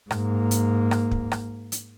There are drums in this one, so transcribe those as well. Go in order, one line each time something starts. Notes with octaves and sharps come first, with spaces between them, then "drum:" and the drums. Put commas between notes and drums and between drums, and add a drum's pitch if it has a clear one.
G#2 A#3, drum: rim click
drum: hi-hat
drum: rim click
drum: kick
drum: rim click
drum: hi-hat